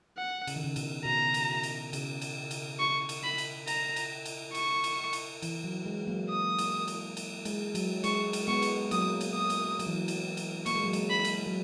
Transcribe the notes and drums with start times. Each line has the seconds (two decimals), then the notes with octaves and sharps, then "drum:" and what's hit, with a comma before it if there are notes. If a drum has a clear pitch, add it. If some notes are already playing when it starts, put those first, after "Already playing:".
0.18 F#5
0.47 C#3, drum: cymbal
0.56 D#3
0.64 C#3
0.76 B2, drum: cymbal
1.05 B2 A#5
1.34 drum: cymbal
1.63 drum: cymbal
1.93 C#3, drum: cymbal
2.22 drum: cymbal
2.51 drum: cymbal
2.80 C#6
3.09 drum: cymbal
3.24 B5
3.38 drum: cymbal
3.67 A#5, drum: cymbal
3.96 drum: cymbal
4.25 drum: cymbal
4.55 C#6, drum: cymbal
4.84 drum: cymbal
5.13 drum: cymbal
5.42 E3, drum: cymbal
5.64 F#3
5.86 G#3
6.07 F#3 A#3
6.30 D#6
6.59 drum: cymbal
6.88 drum: cymbal
7.17 drum: cymbal
7.45 G#3, drum: cymbal
7.75 F#3, drum: cymbal
8.04 G#3 C#6, drum: cymbal
8.33 drum: cymbal
8.48 G#3 B3 C#6
8.62 drum: cymbal
8.91 F#3 A#3 D#6, drum: cymbal
9.21 drum: cymbal
9.35 D#6
9.50 drum: cymbal
9.80 F#3, drum: cymbal
9.87 E3
9.94 F#3
10.08 drum: cymbal
10.37 drum: cymbal
10.66 A#3 C#6, drum: cymbal
10.75 G#3
10.85 F#3
10.93 G#3, drum: cymbal
11.10 B5
11.25 drum: cymbal
11.46 F#3